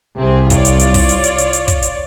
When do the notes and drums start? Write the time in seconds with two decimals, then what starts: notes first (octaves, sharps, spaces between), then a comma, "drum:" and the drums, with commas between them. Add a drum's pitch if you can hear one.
0.17 C2 C3 C4 G#4
0.50 F4 C#5 D5, drum: kick, hi-hat
0.65 drum: hi-hat
0.79 drum: hi-hat
0.94 drum: kick, open hi-hat
1.09 drum: hi-hat
1.24 drum: hi-hat
1.38 drum: hi-hat
1.53 drum: hi-hat
1.68 drum: kick, hi-hat
1.82 drum: hi-hat